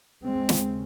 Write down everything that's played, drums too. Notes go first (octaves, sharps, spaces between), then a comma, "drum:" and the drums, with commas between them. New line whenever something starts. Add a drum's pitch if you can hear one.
D#2 C#3 G#3 C4
drum: snare